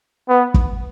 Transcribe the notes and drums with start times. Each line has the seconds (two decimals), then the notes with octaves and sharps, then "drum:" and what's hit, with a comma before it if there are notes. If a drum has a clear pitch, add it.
0.29 B3
0.54 drum: kick